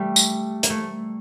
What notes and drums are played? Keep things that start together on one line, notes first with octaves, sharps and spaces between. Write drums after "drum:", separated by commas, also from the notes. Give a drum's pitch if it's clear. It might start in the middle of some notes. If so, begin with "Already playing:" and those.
Already playing: G3 A3
drum: tambourine
A#3, drum: hi-hat
A3